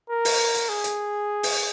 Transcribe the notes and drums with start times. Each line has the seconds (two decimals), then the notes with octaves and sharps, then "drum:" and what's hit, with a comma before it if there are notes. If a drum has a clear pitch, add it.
0.10 A#4
0.25 drum: open hi-hat
0.54 drum: hi-hat
0.69 G#4
0.84 drum: hi-hat
1.43 drum: open hi-hat